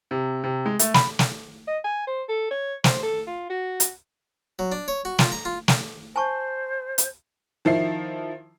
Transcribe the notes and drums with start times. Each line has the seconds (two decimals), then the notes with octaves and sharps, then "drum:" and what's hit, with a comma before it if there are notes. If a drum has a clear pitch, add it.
0.11 C3
0.44 C3
0.66 G#3
0.79 A3, drum: hi-hat
0.94 B5, drum: snare
1.19 drum: snare
1.67 D#5
1.84 G#5
2.07 C5
2.29 A4
2.51 C#5
2.84 C5, drum: snare
3.03 A4
3.27 F4
3.50 F#4
3.80 drum: hi-hat
4.59 F#3
4.72 D4
4.88 C#5
5.05 F#4
5.19 F4, drum: snare
5.32 A#5
5.45 F4
5.68 drum: snare
6.16 C5 G#5 A5 C#6
6.98 drum: hi-hat
7.65 D#3 F3 E4 C7